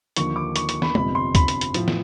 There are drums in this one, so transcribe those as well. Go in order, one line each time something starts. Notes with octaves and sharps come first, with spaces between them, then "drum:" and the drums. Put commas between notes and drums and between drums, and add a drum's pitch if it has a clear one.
D#2 D3 F3 C#6, drum: hi-hat
D6
C#6, drum: hi-hat
C#6, drum: hi-hat
B5, drum: snare
G1 F2 C3 B5, drum: tom
C6
B5, drum: kick, hi-hat
drum: hi-hat
drum: hi-hat
A2 F3, drum: hi-hat
drum: snare